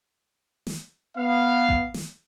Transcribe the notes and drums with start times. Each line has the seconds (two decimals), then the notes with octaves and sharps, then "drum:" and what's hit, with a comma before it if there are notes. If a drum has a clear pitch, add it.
0.67 drum: snare
1.18 B3 F5
1.69 drum: kick A1
1.94 drum: snare